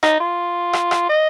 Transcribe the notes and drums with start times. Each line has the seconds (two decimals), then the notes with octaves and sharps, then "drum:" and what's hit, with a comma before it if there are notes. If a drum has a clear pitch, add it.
0.03 D#4, drum: rim click
0.20 F4
0.73 drum: rim click
0.91 drum: rim click
1.09 D#5